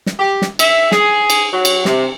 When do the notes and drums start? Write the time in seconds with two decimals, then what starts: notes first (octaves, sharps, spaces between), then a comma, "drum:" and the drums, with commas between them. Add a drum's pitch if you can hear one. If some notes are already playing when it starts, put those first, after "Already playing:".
0.06 drum: snare
0.19 G4
0.42 drum: snare
0.59 E5, drum: cymbal
0.92 G#4, drum: snare
1.30 drum: cymbal
1.53 F#3
1.65 drum: cymbal
1.85 C3, drum: snare